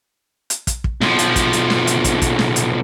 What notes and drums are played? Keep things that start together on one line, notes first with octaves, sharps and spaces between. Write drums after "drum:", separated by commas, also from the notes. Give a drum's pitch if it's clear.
drum: hi-hat
drum: kick, hi-hat
drum: kick
B1 F3, drum: snare
drum: hi-hat
drum: kick, hi-hat
drum: hi-hat
drum: snare
drum: hi-hat
drum: kick, hi-hat
drum: kick, hi-hat
drum: snare
drum: hi-hat